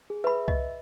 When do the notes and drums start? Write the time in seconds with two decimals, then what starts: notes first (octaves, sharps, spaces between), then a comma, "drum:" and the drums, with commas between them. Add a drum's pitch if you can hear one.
0.10 G#4
0.24 B4 E5 B5
0.48 D#5, drum: kick C2